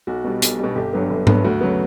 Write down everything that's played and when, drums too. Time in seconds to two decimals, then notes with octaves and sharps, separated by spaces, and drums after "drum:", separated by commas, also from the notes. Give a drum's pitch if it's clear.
0.07 B1 F#4
0.24 B2 G3
0.42 B1, drum: hi-hat
0.59 G3
0.64 B2
0.75 G1 G4
0.93 G2 F#3 B3
1.10 G1
1.27 G2 F#3 B3, drum: tom G#2
1.44 D2 F#4
1.61 C#3 F#3 B3